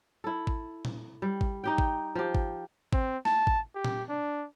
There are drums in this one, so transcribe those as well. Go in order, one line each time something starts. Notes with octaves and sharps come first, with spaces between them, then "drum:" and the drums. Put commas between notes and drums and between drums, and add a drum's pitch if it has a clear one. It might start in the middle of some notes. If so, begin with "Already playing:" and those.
E4 A4
drum: kick G#1
drum: tom A#2
G3
drum: kick G#1
D#4 G4 G5
drum: kick G#1
F3 G4
drum: kick G#1
C4, drum: kick G#1
A5, drum: snare
drum: kick G#1
G4
drum: tom A#2
D4